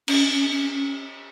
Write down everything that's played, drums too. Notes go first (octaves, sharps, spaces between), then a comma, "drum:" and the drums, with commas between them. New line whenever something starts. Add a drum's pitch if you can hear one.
C#4, drum: cymbal
C#4
C#4